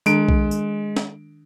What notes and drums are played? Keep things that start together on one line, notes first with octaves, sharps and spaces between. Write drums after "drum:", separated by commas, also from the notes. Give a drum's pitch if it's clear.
D#3 G#3 D4 D7, drum: tambourine
drum: kick B1
drum: tambourine
drum: snare